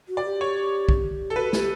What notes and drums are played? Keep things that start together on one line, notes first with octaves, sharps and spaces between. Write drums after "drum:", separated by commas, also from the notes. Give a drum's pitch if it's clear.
F#4
D5
G4
C#5
drum: kick B1
A4
F#4 B4
G4, drum: snare